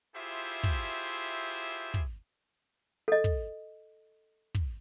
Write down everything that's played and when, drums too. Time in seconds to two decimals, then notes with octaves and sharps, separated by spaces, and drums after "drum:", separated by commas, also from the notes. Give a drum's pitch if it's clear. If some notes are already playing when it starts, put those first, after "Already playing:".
0.16 E4 F4 G4 G#4 C5 E5
0.63 drum: kick
1.94 drum: kick
3.08 A4 D#5
3.24 drum: kick
4.55 drum: kick